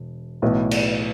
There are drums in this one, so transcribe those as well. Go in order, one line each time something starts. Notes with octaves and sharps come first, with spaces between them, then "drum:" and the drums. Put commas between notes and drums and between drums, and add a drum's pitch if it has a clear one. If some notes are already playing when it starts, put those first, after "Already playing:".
Already playing: E1
B1 A2 E3 B3 E4
drum: cymbal